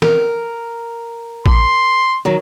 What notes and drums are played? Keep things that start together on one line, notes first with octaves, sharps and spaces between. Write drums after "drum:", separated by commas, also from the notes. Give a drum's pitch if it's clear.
A#4, drum: snare
C6, drum: kick A1
D#3 F#3